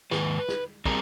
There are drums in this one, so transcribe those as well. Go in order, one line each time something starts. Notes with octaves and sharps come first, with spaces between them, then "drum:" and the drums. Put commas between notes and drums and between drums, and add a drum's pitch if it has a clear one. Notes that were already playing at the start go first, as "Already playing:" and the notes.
G#2 D#3 B4, drum: snare
drum: snare
G3 C4 G#4 A#4, drum: kick